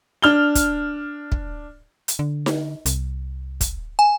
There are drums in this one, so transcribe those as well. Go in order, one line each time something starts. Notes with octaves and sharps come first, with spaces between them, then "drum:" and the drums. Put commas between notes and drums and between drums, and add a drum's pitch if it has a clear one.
D4 F6 G7
drum: kick, hi-hat
drum: kick
drum: hi-hat
D3
drum: snare D#4
C2, drum: hi-hat
drum: kick, hi-hat
G#5